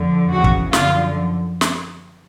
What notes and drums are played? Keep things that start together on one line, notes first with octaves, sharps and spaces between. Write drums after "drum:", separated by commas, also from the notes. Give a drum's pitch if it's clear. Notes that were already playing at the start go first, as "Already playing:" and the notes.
Already playing: F2 D3 F3
E2 C#3 E3 F#4
drum: kick
F#2 D3 F3 F4, drum: snare
drum: snare